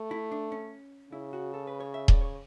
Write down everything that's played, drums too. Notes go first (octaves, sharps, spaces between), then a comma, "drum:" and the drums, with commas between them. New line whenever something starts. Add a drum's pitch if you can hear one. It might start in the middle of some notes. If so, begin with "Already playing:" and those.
Already playing: A3
E4
D4
C#4
C#3 E4
F#4
A4
B4
C#5
E5
D5, drum: kick D#1
C#5